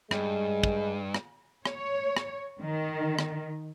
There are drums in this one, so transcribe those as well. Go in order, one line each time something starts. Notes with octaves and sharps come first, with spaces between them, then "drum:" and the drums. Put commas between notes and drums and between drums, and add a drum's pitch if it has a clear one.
G2 G#3, drum: rim click
drum: kick
drum: rim click
C#5, drum: rim click
drum: rim click
D#3
drum: rim click